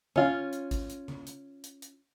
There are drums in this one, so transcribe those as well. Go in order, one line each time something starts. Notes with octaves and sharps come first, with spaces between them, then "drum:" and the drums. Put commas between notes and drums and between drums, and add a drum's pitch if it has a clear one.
C#4 F4, drum: tom C#3
drum: hi-hat
drum: kick G#1, hi-hat
drum: hi-hat
drum: tom C#3
drum: hi-hat
drum: hi-hat
drum: hi-hat